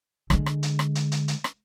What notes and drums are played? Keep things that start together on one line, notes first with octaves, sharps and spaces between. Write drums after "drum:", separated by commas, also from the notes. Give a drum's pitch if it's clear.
D3 G#3, drum: rim click
drum: rim click
drum: hi-hat
drum: rim click
drum: hi-hat
drum: hi-hat
drum: hi-hat
drum: rim click